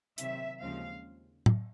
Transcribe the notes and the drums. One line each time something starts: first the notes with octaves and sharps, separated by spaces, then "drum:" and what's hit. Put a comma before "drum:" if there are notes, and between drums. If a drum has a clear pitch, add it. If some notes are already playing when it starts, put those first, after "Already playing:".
C3 D#3 F#3 E5, drum: hi-hat
D#2 C#3 F3 G#3 C4 F5
drum: tom A2